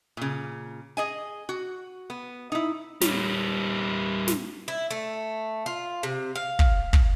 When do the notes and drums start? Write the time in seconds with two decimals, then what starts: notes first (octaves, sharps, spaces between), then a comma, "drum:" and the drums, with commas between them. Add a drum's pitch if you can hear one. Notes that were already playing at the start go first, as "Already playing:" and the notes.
0.17 A#2 C#3
0.97 G#4 D#5 G#5
1.49 F#4
2.10 B3
2.52 D#4 E4
3.01 G3 C#4, drum: snare
4.28 drum: snare
4.68 E4
4.91 A3
5.66 F4
6.03 C3
6.36 F5
6.59 drum: kick
6.93 drum: kick